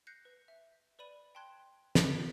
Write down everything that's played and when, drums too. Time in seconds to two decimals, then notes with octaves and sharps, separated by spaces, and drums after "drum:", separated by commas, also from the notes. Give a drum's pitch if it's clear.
0.07 F#6 G6 A#6 C7 C#7
0.25 B4
0.48 E5
0.99 B4 D5 B5 D#7
1.35 G5 A5 C6 F#6 G#6
1.95 drum: snare